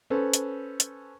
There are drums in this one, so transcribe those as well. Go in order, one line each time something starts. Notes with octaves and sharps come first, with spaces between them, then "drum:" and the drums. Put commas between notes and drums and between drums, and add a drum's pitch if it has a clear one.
C#4 A4 B4 C5
drum: hi-hat
drum: hi-hat